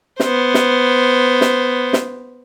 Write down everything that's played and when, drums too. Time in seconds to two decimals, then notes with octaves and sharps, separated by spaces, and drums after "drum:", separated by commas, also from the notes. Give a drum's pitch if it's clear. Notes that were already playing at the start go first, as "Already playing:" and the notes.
0.20 B3 C5, drum: snare
0.54 drum: snare
1.41 drum: snare
1.93 drum: snare